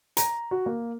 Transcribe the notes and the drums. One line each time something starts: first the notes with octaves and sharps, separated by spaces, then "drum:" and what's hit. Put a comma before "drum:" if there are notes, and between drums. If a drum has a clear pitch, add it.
A#5, drum: hi-hat
F#4
A#3